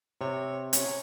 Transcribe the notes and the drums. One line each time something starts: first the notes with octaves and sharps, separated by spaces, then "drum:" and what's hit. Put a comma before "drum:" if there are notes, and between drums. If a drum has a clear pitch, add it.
C3 C#5
C#4, drum: hi-hat